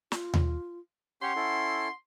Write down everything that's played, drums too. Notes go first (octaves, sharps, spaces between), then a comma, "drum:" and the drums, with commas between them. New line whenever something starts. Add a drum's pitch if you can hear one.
F4, drum: snare
drum: tom D#2
C#4 G4 C#5 F#5 C6
C#4 E4 A4